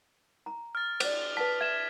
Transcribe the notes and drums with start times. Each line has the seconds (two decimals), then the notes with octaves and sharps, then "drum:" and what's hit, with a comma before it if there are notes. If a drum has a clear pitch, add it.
0.46 A#5
0.75 F6 A6
1.00 C5 D5, drum: cymbal
1.22 G7
1.37 B4 A5 B6
1.61 E5 G#6 E7